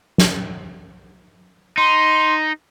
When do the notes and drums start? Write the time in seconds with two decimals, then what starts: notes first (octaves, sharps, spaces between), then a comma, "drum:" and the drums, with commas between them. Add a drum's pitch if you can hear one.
0.18 drum: snare
1.78 D#4 C6